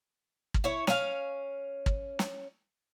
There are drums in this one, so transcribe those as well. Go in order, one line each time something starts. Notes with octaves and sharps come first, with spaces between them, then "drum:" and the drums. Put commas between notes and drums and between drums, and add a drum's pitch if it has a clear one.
drum: kick
E4 C#5
C#4 F5, drum: snare
drum: kick
drum: snare